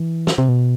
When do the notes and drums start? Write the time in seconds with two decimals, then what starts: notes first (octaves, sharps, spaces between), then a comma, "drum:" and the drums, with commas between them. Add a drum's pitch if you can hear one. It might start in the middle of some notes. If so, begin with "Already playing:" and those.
Already playing: E3
0.27 drum: snare
0.38 C3
0.49 B2